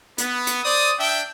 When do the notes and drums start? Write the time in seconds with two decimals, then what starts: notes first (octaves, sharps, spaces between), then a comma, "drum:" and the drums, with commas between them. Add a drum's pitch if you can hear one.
0.18 B3, drum: hi-hat
0.47 drum: hi-hat
0.63 C5 D5 D#6
0.99 D4 E5 G5